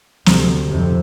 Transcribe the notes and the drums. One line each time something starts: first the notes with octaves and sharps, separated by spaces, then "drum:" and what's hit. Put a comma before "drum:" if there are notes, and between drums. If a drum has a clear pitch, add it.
D2 C3, drum: snare
F1 F2 C3